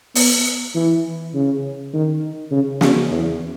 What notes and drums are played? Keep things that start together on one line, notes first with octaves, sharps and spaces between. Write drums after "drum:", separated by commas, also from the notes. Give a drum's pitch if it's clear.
B3, drum: open hi-hat
E3
C#3
D#3
C#3
C#3, drum: snare
E2